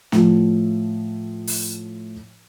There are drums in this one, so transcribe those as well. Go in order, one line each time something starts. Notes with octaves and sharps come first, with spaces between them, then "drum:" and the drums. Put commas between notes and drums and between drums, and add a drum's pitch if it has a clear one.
A2 F3, drum: snare
drum: open hi-hat